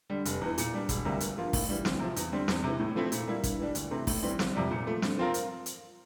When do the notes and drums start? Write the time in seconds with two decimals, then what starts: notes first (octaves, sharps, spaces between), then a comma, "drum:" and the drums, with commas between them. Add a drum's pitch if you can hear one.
0.10 D3 G3
0.25 F1, drum: hi-hat
0.41 E2 E3
0.58 A#2, drum: hi-hat
0.74 G3 D4
0.89 E1, drum: kick, hi-hat
1.05 D2 C3 G3 A#3
1.20 G1, drum: hi-hat
1.37 G2 F3 A#3 F4
1.53 A2, drum: kick, open hi-hat
1.69 E3 G3
1.85 D2, drum: snare
2.00 C3 F3
2.16 E2, drum: hi-hat
2.32 D3 G3 C4
2.48 E2, drum: snare
2.64 C3 E3
2.80 A2
2.96 F3 A3 C4 E4
3.12 A#2, drum: hi-hat
3.27 G3 A#3 E4
3.43 G2, drum: kick, hi-hat
3.59 E3 G3 D4
3.75 D2, drum: hi-hat
3.91 C3 E3 A3 C4
4.07 A2, drum: kick, open hi-hat
4.23 E3 G3 C4
4.39 G1, drum: snare
4.55 F2 C3 G3
4.71 A#2
4.86 F3 A3
5.02 G2, drum: snare
5.18 F3 C4 F4 A#4
5.34 drum: hi-hat
5.66 drum: hi-hat